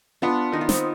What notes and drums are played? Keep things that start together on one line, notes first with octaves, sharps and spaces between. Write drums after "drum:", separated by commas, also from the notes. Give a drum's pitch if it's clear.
B3 D4 F4
D#3 D#4
F4
C4 D#4, drum: snare